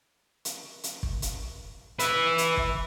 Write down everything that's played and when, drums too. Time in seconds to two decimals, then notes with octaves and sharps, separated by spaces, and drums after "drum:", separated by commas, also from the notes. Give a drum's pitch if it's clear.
0.45 drum: hi-hat
0.84 drum: hi-hat
1.03 drum: kick
1.22 drum: hi-hat
1.99 B4 E5, drum: hi-hat
2.38 drum: hi-hat
2.57 drum: kick